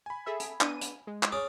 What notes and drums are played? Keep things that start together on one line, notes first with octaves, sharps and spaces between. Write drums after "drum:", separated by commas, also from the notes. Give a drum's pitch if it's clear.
G#5 B5
G#4 A4 E5
drum: hi-hat
B3 D4 D#7, drum: clap
drum: hi-hat
G#3
drum: clap
C#4 G#4 D5